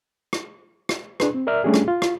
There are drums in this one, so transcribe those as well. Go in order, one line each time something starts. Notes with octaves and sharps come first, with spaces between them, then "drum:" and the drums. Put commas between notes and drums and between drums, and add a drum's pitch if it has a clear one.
drum: rim click
drum: rim click
D4 G#4 B4, drum: rim click
C4
A#4 D5 E5 A#5 F6
G3 A3 C#4 D4 G4 G#4
drum: rim click
F4
drum: rim click